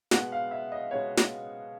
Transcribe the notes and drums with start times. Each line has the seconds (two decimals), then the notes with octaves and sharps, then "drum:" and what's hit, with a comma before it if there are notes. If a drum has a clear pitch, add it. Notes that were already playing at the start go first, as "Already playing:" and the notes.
0.11 B2 G#3 B3 F#5, drum: snare
0.32 F5
0.51 E5
0.72 D#5
0.91 B2 G#3 B3 C#5
1.17 drum: snare